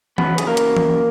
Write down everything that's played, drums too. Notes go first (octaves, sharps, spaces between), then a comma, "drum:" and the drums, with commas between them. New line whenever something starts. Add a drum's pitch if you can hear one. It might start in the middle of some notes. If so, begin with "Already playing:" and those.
E2 C#3 F#3 B3 C#4 B4, drum: tom E3
G#4, drum: hi-hat
A#3 A#4
drum: hi-hat
drum: tom E3